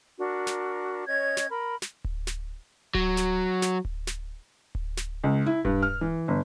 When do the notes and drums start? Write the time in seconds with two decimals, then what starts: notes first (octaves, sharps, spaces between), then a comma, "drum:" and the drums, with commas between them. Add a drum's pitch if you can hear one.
0.17 D4 F#4 A#4
0.47 drum: snare
1.07 C#4 C#5 D#5 G#6
1.37 drum: snare
1.50 A#4 B5
1.82 drum: snare
2.04 drum: kick D1
2.27 drum: snare
2.95 F#3, drum: kick D1
3.17 drum: snare
3.62 drum: snare
3.85 drum: kick D1
4.07 drum: snare
4.75 drum: kick D1
4.97 drum: snare
5.24 C#2
5.46 E4
5.65 G2, drum: kick D1
5.82 F6
6.01 E3
6.28 G1